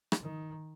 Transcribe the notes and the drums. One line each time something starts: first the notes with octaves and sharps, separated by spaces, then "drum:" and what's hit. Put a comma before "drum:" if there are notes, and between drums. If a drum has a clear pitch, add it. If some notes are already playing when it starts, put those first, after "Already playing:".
drum: rim click
D#3